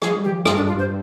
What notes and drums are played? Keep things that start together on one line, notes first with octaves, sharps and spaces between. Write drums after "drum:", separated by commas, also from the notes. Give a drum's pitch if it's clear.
F3 G#4, drum: rim click
G3
D#3 G4
F3
G2 F4, drum: rim click
D4
G2
F4
G2 C5